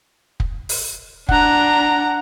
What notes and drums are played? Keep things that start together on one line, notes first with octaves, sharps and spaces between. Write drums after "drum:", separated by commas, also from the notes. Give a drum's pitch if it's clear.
drum: kick
drum: open hi-hat
D4 F#5 A#5, drum: kick